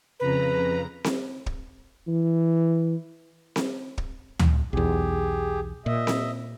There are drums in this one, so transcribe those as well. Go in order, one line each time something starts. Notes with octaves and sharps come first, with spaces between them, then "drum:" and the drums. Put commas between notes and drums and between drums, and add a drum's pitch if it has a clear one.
F2 C#3 B4 A#5
drum: snare C4
drum: kick
E3
drum: snare C4
drum: kick
drum: tom D2
B1 E2 G4 G#4
A#2 D#5 E5
drum: snare C4